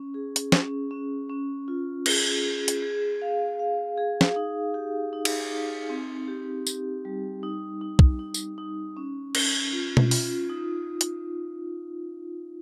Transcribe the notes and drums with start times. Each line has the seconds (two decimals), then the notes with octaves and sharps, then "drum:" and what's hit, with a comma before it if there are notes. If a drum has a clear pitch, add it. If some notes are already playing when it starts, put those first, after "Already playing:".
Already playing: C#4
0.14 G#4
0.36 drum: hi-hat
0.52 C#4, drum: snare
0.91 C#4
1.29 C#4
1.68 F4
2.06 G#4, drum: cymbal
2.44 G#4
2.68 drum: hi-hat
2.82 G#4
3.22 F5
3.59 F5
3.98 G#4
4.21 drum: snare
4.36 D#4
4.74 G4
5.13 D#4
5.25 drum: cymbal
5.52 D#4
5.89 C4
6.28 G4
6.67 G4, drum: tambourine
7.05 G3
7.43 D#4
7.81 D#4
7.99 drum: kick
8.19 D#4
8.34 drum: tambourine
8.58 D#4
8.97 C#4
9.35 C#4, drum: cymbal
9.73 F4
9.97 drum: tom B2
10.11 F4, drum: open hi-hat
10.50 D#4
11.01 drum: hi-hat